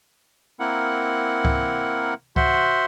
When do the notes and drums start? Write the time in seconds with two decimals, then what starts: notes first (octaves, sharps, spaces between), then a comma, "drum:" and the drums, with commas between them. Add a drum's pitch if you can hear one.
0.60 A#3 C4 E4 A#4 F#5
1.45 drum: kick C#2
2.36 F#4 C5 E5 F#5 C6, drum: kick C#2